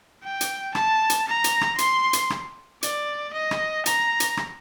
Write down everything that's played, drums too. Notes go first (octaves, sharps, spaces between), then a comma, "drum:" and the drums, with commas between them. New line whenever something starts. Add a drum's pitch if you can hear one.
G5
drum: hi-hat
A5, drum: rim click
drum: hi-hat
A#5
drum: hi-hat
drum: rim click
C6, drum: hi-hat
drum: hi-hat
drum: rim click
D5, drum: hi-hat
D#5
drum: rim click
A#5, drum: hi-hat
drum: hi-hat
drum: rim click